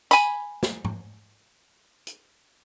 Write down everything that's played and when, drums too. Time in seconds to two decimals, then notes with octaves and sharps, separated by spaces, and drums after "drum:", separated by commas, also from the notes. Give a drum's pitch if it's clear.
0.11 G#5 B5, drum: tambourine
0.63 drum: snare
0.85 drum: tom G#2
2.07 drum: hi-hat